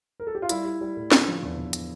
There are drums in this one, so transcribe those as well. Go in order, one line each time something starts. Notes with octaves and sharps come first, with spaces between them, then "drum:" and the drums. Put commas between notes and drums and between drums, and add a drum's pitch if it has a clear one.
A#4
A4
G4
F4
G3 E4, drum: hi-hat
G3
G3
A2
D3, drum: snare
F3
E2
E2
drum: hi-hat